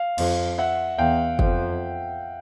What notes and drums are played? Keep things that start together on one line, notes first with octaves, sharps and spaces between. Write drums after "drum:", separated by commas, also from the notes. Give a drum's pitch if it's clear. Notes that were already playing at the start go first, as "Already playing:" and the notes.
Already playing: F5
F2, drum: cymbal
E5 F#5
E2 F5 G5
F2, drum: kick